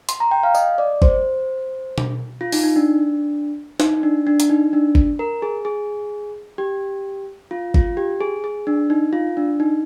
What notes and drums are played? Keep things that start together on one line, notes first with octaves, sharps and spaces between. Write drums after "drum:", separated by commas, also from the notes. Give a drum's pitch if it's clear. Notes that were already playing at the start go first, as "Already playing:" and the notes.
C6, drum: hi-hat
A#5
G5
F5
D#5, drum: tambourine
D5
C5, drum: kick G#1
drum: tom B2
F4
D#4, drum: open hi-hat
D#4
D4
D#4, drum: snare
D4
D4
drum: hi-hat
D#4
D4
drum: kick G#1
A#4
G#4
G#4
G4
F4
F4, drum: kick G#1
G4
G#4
G#4
D4
D#4
F4
D4
D#4